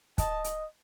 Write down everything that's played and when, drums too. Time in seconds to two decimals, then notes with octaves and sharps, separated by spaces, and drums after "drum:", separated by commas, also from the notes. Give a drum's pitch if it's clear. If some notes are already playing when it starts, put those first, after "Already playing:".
0.18 D#5 A5, drum: kick, hi-hat
0.44 drum: hi-hat